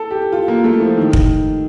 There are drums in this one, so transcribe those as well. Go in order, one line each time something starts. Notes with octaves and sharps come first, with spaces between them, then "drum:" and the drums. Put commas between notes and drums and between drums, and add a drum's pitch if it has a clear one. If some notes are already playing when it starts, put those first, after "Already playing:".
Already playing: A4
G4
F4
A#3
A3
F3
D#3
drum: kick